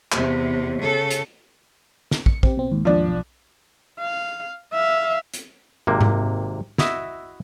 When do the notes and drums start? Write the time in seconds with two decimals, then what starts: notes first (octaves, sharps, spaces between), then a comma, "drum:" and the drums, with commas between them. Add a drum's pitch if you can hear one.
0.12 E2 C3, drum: clap
0.81 C#3 A4
1.11 drum: hi-hat
2.11 drum: snare
2.26 C#7, drum: kick
2.43 C4 G4, drum: kick
2.57 B2 C4
2.72 D#2 G#2
2.85 F3 D4
3.08 B1
4.00 F5
4.73 E5 F5
5.34 drum: hi-hat
5.87 G#1 C3 A#3
6.01 drum: tom G#2
6.78 E4 F#4 D#5 E5, drum: snare